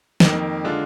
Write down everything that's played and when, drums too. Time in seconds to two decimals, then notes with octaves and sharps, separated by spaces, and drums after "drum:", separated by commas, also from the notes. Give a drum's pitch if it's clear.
0.20 F2 D#3 A#3 D#4, drum: snare
0.64 D3 G#3 D4 F4